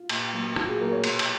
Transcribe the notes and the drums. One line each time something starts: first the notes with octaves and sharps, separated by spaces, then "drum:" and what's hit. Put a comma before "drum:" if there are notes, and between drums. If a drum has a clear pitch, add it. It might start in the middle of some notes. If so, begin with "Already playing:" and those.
Already playing: F4
A#2, drum: cymbal
F#3 A#3
A#2 F#4, drum: rim click
G#4
F#3 A#3 A#4
C#5
B2, drum: cymbal
drum: cymbal